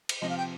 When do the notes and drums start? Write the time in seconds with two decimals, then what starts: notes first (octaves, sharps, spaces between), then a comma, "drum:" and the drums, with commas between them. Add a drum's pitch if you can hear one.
0.09 drum: cymbal
0.21 C3 F3 C4 D#5
0.29 F5
0.38 G5